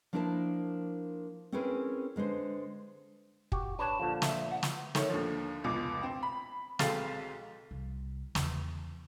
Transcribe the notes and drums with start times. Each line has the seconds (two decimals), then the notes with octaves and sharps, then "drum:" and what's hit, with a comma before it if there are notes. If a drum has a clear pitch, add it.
0.13 F3 A#3 D4 E4 A#4 A5
1.52 C4 C#4 E4 G#4 A#4 B4
2.16 D3 G#3 B4 C5
3.52 F#4 G4, drum: kick
3.79 D4 B4 C#5 A5
4.00 A#2 D3 F3
4.22 E5, drum: snare
4.50 F#5
4.63 drum: snare
4.95 D#3 A3 C#5, drum: snare
5.10 D#2 D3 F3
5.64 F1 C#2 B2 D6
6.03 C4
6.23 B5
6.79 B1 G#3 C4 A4 F5 A6, drum: snare
7.71 C2
8.35 E2 C#3, drum: snare